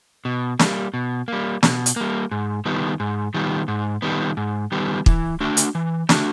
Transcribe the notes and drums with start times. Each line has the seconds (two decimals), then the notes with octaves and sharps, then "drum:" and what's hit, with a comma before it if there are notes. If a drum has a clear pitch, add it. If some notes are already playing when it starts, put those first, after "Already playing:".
0.25 B2
0.59 G3 A#3, drum: snare
0.94 B2
1.28 G3 A#3
1.63 B2, drum: snare
1.86 drum: hi-hat
1.96 G3 A#3
2.31 G#2
2.65 D#3 G3 B3
3.00 G#2
3.34 D#3 G3 B3
3.68 G#2
4.02 D#3 G3 B3
4.37 G#2
4.72 D#3 G3 B3
5.06 E3, drum: kick
5.41 A3 D4 F#4
5.57 drum: hi-hat
5.75 E3
6.09 A3 D4 F#4, drum: snare